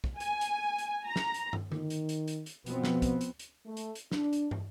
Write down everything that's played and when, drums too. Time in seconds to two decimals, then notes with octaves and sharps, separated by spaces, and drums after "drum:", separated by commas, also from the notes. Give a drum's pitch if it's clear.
0.04 drum: kick
0.20 G#5, drum: hi-hat
0.41 drum: hi-hat
0.78 drum: hi-hat
1.05 A#5
1.16 drum: snare
1.34 drum: hi-hat
1.53 drum: tom
1.72 D#3, drum: tom D3
1.90 drum: hi-hat
2.09 drum: hi-hat
2.28 drum: hi-hat
2.46 drum: hi-hat
2.66 B2 F3 B3 C4, drum: hi-hat
2.84 drum: snare
3.02 drum: kick, hi-hat
3.21 drum: hi-hat
3.39 drum: hi-hat
3.65 A3
3.77 drum: hi-hat
3.95 drum: hi-hat
4.12 D4, drum: snare
4.33 drum: hi-hat
4.51 drum: tom